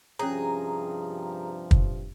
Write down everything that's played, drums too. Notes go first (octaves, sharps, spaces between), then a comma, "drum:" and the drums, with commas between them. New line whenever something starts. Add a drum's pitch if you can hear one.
G2 C3 F3 C#4 G#4 C#5 A#5
drum: kick